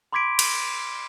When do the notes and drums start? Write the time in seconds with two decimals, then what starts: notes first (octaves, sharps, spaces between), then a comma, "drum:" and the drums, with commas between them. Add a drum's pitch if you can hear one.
0.13 B5 C6 D6 G#6 B6 D7
0.39 drum: cymbal